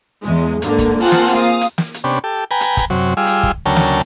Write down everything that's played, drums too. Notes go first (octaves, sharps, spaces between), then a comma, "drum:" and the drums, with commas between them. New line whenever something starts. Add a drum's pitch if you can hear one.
E2 G#3
G#2 D3 A#3, drum: hi-hat
drum: kick, hi-hat
A#3 C4 F4 G#4 F#5 A5
drum: snare
drum: hi-hat
F5 D#6
drum: hi-hat
drum: snare
drum: hi-hat
C3 B3 C#4 D4 G4
G4 A4
B4 G5 G#5 A#5
drum: hi-hat
drum: kick, hi-hat
F#2 C3 F#3
G3 F4 G#4 E6
drum: hi-hat
drum: kick
D2 C#3 F#3 A#4 G5 A5
drum: snare